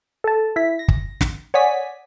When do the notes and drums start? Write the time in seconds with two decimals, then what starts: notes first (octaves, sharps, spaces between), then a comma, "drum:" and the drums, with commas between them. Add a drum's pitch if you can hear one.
0.24 A4 A5
0.56 E4 B6
0.79 A#6
0.88 drum: kick
1.21 drum: snare
1.54 C#5 D5 F#5 G#5 D#6 B6